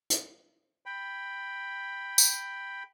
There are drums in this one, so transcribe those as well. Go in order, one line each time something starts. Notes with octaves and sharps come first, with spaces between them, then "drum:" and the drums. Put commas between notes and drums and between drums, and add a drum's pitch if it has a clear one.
drum: hi-hat
G5 B5
drum: tambourine